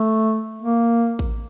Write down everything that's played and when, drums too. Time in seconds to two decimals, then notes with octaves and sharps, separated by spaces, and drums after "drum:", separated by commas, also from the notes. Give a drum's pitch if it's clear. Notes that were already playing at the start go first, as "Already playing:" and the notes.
Already playing: A3
0.62 A#3
1.19 drum: kick A1